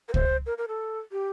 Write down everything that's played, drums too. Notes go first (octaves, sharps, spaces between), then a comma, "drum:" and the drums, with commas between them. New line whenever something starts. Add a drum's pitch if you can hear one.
A#4
C5, drum: kick
A#4
A#4
A4
G4